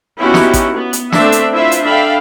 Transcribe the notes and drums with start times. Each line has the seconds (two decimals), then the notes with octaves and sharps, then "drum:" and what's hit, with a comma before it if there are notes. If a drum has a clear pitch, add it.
0.19 B3 C#4 D#4 E4 F#4 G4
0.34 drum: snare
0.54 drum: kick, hi-hat
0.73 B3
0.93 drum: hi-hat
1.12 A3 C4 D4 E5, drum: snare
1.32 drum: hi-hat
1.54 E4 F4 B4 C5 E5 F5
1.72 drum: hi-hat
1.84 D4 A4 E5 F5 G5 B5